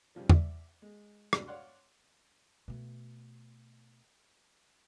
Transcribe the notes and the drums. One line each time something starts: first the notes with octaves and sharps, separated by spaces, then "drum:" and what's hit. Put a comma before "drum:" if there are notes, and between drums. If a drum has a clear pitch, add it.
G2 C#3 F3 G3
D5 E5, drum: tom E2
G#3
G2 C3 F#3 G#3 D4, drum: rim click
C#5 D5 F5 F#5 C6
B2 A3